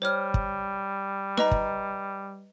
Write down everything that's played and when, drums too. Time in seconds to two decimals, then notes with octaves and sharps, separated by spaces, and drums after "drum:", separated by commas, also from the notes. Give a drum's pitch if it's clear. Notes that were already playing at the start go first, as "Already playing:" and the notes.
0.02 G3 C5 C#5 F6
0.34 drum: kick
1.37 B4 D#5 A#5, drum: snare D#4
1.51 drum: kick